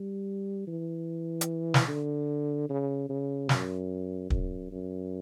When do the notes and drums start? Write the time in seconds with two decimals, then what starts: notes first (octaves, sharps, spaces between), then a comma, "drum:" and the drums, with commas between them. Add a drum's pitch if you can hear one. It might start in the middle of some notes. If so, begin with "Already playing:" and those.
Already playing: G3
0.67 E3
1.41 drum: hi-hat
1.74 drum: snare
1.88 D3
2.69 C#3
3.09 C#3
3.49 F#2, drum: snare
4.30 F#2, drum: kick
4.71 F#2